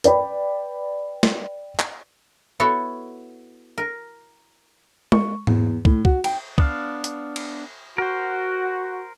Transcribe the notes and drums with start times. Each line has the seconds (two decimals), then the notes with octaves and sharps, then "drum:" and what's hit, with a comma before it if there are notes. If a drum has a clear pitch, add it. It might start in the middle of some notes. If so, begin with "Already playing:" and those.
0.04 B4 D5 G5 B5, drum: hi-hat
1.23 drum: snare
1.79 drum: clap
2.60 B3 E4 F#4 A4 C#5
3.78 A#4
5.12 C#6, drum: tom G#3
5.47 E2, drum: tom G#2
5.85 A2, drum: kick
6.05 F#4, drum: kick
6.24 G5, drum: cymbal
6.58 B3 D4 F5, drum: kick
7.04 drum: hi-hat
7.36 drum: cymbal
7.98 F#4 A#4 C5